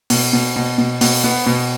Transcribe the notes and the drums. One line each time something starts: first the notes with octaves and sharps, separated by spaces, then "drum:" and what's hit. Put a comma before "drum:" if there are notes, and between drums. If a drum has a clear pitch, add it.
B2, drum: open hi-hat
B2
B2
B2
B2, drum: open hi-hat
B3
B2